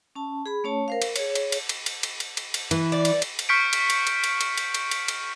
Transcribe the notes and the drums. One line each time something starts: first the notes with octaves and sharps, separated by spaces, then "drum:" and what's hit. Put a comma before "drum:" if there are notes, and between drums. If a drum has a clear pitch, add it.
C#4 A5
G#4 B5
A3 C#4 C#5 A5
A#4 C5 F5
drum: cymbal
G#4 C#5, drum: cymbal
drum: cymbal
drum: cymbal
drum: cymbal
drum: cymbal
drum: cymbal
drum: cymbal
drum: cymbal
drum: cymbal
E3 B4, drum: cymbal
D5
drum: cymbal
drum: cymbal
drum: cymbal
C#6 F6 G6 B6 C#7 D7
drum: cymbal
drum: cymbal
drum: cymbal
drum: cymbal
drum: cymbal
drum: cymbal
drum: cymbal
drum: cymbal
drum: cymbal